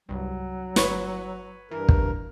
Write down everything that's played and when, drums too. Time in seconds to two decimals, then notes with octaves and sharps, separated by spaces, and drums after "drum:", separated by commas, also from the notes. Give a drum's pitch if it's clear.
0.09 C2 G2 F#3
0.76 G1 B4 C#5 C#6, drum: snare
1.71 G2 E3 A#4
1.89 drum: kick